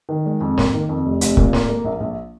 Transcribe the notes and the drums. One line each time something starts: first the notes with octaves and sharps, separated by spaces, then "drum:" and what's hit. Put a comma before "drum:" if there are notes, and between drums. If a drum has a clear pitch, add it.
D#3
G#3
F2
A#3, drum: snare
D#3
F2
F1
F1, drum: hi-hat
A#2, drum: kick C#1
A#3, drum: snare
A#3
A#1
A#1